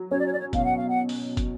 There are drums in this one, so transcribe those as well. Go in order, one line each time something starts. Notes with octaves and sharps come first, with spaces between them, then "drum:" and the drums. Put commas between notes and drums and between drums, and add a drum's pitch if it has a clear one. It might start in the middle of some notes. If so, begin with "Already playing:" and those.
Already playing: F#3
C#4 C#5
D5
C#5
D5
C#5
B2 F5, drum: kick, hi-hat
F#5
F5
F#5
drum: open hi-hat
drum: kick, hi-hat